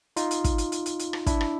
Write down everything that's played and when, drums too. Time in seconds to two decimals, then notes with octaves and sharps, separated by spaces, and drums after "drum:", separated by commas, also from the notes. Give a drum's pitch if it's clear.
0.16 D#4 F4, drum: hi-hat
0.31 drum: hi-hat
0.44 drum: kick, hi-hat
0.58 drum: hi-hat
0.72 drum: hi-hat
0.86 drum: hi-hat
0.99 drum: hi-hat
1.13 drum: rim click
1.27 D4 E4, drum: kick, hi-hat
1.41 drum: rim click